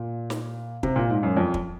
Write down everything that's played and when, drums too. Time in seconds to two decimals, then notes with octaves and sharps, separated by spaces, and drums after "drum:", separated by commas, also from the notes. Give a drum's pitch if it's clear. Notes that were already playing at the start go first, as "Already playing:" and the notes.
Already playing: A#2
0.30 drum: snare
0.83 C3, drum: kick
0.96 A#2
1.10 G#2
1.23 F#2
1.37 F2
1.54 drum: kick